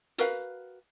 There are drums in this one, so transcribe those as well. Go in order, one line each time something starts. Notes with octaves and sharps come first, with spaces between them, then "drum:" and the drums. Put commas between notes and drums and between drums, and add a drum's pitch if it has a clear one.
F#4 A#4 B4 F5, drum: hi-hat